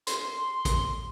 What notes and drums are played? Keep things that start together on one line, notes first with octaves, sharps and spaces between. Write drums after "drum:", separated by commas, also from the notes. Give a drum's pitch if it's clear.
C6, drum: hi-hat
drum: kick A1, hi-hat